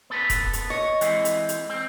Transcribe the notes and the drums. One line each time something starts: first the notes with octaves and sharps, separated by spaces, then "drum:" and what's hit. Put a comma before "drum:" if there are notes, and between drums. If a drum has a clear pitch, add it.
B3 A4 B4
drum: kick E1, hi-hat
drum: hi-hat
C#5 D#5
E3 G#3 C4, drum: hi-hat
drum: hi-hat
drum: hi-hat
C4